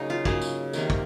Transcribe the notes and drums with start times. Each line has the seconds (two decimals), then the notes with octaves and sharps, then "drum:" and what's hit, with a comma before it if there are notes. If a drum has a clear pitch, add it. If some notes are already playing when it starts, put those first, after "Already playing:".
Already playing: C#3 F#3 A#3 D#4
0.10 F4
0.25 C#3 F#3 A#3 G#4, drum: kick
0.42 drum: tambourine
0.73 C3 D#3 A#3, drum: tambourine
0.90 drum: kick